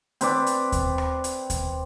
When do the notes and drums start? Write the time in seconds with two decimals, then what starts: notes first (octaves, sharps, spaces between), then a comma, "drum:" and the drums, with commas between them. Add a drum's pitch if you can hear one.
0.21 C4 B4 D5, drum: hi-hat
0.47 drum: hi-hat
0.72 drum: kick D#2, hi-hat
0.98 drum: rim click
1.24 drum: hi-hat
1.50 drum: kick D#2, hi-hat